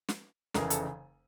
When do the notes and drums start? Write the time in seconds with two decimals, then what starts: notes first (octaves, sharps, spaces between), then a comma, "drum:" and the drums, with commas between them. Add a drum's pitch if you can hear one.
0.09 drum: snare
0.54 F1 F2 C#3 E3 G#4 A#4, drum: snare
0.70 A4, drum: hi-hat